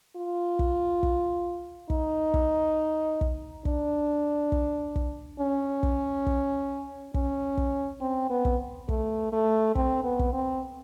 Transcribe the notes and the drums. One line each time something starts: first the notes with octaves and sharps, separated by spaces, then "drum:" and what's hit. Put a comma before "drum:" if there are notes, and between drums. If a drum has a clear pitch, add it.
F4
drum: kick
drum: kick
D#4, drum: kick
drum: kick
drum: kick
D4, drum: kick
drum: kick
drum: kick
C#4
drum: kick
drum: kick
C#4, drum: kick
drum: kick
C4
B3
drum: kick
A3, drum: kick
A3
C4, drum: kick
B3
drum: kick
C4